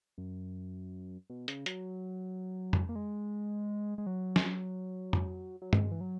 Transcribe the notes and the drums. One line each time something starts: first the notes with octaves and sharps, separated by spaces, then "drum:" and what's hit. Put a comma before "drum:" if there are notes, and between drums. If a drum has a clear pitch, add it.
F#2
B2
C#3, drum: hi-hat
F#3, drum: hi-hat
drum: tom F2
A#3
G#3
G#3
F#3
drum: snare
drum: tom F2
F#3
G#3, drum: tom G2
E3
F#3